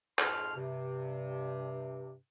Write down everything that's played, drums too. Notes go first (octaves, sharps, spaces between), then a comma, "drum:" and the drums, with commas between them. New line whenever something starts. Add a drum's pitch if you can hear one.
F2 G#2 A5 C6 F6, drum: clap
G2 C3